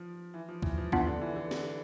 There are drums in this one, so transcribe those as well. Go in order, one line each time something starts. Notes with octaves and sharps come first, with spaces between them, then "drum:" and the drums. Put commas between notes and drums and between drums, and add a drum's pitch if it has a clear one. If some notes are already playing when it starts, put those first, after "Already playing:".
Already playing: F3
E3
F3
E3, drum: kick D2
F3
E3 B3 D4 F4, drum: kick D2
D3
E3
D3
drum: snare